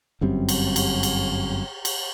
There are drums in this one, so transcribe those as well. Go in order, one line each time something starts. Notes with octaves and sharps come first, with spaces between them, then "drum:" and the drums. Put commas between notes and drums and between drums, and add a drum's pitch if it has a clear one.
G1 F#2 G3 C4
drum: cymbal
drum: cymbal
drum: cymbal
drum: cymbal